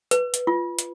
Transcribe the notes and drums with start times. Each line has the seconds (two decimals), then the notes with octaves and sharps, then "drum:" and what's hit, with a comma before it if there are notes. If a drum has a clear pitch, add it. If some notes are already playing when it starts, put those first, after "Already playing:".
0.11 B4, drum: hi-hat
0.34 drum: hi-hat
0.47 F4
0.79 drum: hi-hat